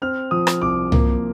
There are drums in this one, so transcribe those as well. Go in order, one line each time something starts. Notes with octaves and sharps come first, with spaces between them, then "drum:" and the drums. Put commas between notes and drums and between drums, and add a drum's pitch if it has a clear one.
C4 F6
F3 D#6
drum: rim click
C2 D6
A#3, drum: tom C2